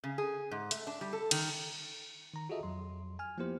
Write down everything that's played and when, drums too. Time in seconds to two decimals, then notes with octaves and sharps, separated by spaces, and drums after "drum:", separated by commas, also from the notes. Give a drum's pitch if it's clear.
0.04 C#3
0.18 G#4
0.51 G#2
0.71 A3, drum: hi-hat
0.87 D4
1.01 G3
1.13 A4
1.31 D#3, drum: cymbal
2.34 D#3 A#5
2.49 F4 F#4 G#4 A4 D#5 E5
2.63 F2 F#3 C6
3.19 G#5 F6
3.38 F3 A#3 B3 E4 G4 C5